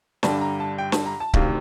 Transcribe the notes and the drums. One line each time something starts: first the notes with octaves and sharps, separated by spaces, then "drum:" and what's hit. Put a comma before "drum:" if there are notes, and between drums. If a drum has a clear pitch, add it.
G2 D3 G3 A5, drum: snare
A#5
A5
G5
A5, drum: snare
A#5
A5
D2 C3 D#3 F5, drum: kick C#1